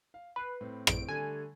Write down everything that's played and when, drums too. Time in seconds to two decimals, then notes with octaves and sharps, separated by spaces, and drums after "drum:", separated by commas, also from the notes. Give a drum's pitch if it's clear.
0.14 F5
0.36 B4 B5 C7
0.61 A2 C4
0.87 A#1 D7, drum: rim click
1.09 D3 G3 A3 G#5